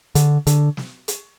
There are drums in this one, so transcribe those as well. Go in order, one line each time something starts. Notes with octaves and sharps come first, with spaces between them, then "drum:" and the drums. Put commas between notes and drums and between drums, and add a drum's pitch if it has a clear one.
D3, drum: hi-hat
D3, drum: hi-hat
drum: snare
drum: hi-hat